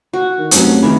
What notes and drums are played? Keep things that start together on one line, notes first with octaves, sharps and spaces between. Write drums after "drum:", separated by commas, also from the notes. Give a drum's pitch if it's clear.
F#4
D#3
F1 F3 F#3 C#4, drum: hi-hat
D#3 E3 E4